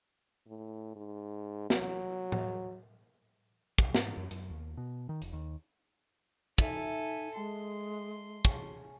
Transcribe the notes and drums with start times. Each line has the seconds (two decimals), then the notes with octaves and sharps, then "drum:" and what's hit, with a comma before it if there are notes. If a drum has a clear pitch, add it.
0.47 A2
0.96 G#2
1.70 F#3, drum: snare
2.32 drum: tom A2
3.78 B1, drum: kick
3.95 G#2, drum: snare
4.17 F#2
4.31 F#2, drum: hi-hat
4.50 D#2
4.77 B2
5.09 D#3
5.22 F1, drum: hi-hat
5.33 D#2
6.58 D#4 A4 E5 G#5 E6, drum: kick
7.36 G#3 A5 C6
8.45 C#4 G#4 A5, drum: kick